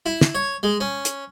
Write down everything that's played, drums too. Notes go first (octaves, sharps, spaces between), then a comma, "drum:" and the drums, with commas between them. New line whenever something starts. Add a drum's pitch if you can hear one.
E4
drum: snare
C#5
G#3
C#4
drum: hi-hat